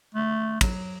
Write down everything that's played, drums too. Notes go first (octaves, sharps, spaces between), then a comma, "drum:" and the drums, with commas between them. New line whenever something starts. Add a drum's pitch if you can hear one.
A3
F#3, drum: kick, cymbal